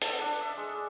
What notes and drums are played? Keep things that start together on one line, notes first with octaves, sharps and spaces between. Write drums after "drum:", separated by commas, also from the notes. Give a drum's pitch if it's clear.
A4, drum: hi-hat
D4
E5
G#3